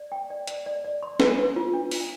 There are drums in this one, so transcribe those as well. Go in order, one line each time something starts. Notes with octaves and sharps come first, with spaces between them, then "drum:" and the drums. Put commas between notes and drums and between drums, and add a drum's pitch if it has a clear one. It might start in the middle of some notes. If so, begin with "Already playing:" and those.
Already playing: D5
G5
D5
D5, drum: hi-hat
D5
D5
C6
B4, drum: snare C#4
B4
F4
D4
F4, drum: open hi-hat